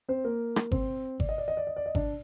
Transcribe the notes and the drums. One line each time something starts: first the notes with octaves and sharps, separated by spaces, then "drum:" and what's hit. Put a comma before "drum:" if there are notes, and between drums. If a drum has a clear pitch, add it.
C4 C5
A#3 A#4
drum: rim click
C4 C5, drum: kick G#1
D5, drum: kick G#1
D#5
D5
D#5
D5
D#5
D5
D#5
D4 D5, drum: kick G#1